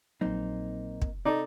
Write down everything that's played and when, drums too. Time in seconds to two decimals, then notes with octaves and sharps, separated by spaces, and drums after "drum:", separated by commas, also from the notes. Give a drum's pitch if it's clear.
0.21 A#1 F#3 A#3 C4 D#4
1.02 drum: kick
1.25 C3 D#4 A4 D5